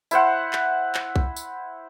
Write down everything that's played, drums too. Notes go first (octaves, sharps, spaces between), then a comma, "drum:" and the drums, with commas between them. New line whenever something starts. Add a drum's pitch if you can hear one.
E4 C5 F#5, drum: tambourine
drum: clap
drum: clap
drum: kick B1
drum: tambourine